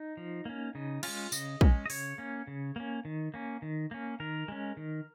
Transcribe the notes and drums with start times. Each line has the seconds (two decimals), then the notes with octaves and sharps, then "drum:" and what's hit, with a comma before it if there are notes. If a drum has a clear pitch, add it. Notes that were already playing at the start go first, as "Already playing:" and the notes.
Already playing: D#4
0.17 F3
0.45 A#3 C#4
0.75 C#3 D#4
1.03 G#3 C#4 F4, drum: cymbal
1.32 C#3 D#5, drum: tambourine
1.61 G#3 C#4, drum: kick
1.86 D#5
1.90 C#3 C#5, drum: open hi-hat
2.18 A#3 C#4
2.47 C#3
2.76 A#3 C#4
3.05 D#3
3.34 A#3 C#4
3.62 D#3
3.91 A#3 C#4
4.20 D#3 A#4
4.48 G#3 C#4
4.77 D#3